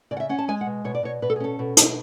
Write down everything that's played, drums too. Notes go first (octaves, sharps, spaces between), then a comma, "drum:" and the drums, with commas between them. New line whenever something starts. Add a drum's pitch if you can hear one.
C#3 D5
F#5
E5
C#4 F#5
A5
G#3 G#5
F#5
B2
B2 C#5
D5
B2 C#5
B2 B4
A4
G#4
C#4 A4
B2
B2, drum: hi-hat